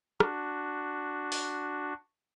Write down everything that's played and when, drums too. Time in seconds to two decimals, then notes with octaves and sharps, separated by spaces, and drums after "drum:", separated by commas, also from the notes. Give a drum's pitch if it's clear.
0.20 D4 F#4, drum: rim click
1.32 drum: open hi-hat